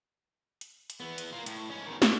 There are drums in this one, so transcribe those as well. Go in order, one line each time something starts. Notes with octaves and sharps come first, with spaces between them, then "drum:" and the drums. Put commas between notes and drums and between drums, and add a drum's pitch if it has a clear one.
drum: hi-hat
drum: hi-hat
E3 B3
drum: hi-hat
A#3 F4
A2, drum: hi-hat
G#2 C#4
B2 D#3
A3, drum: snare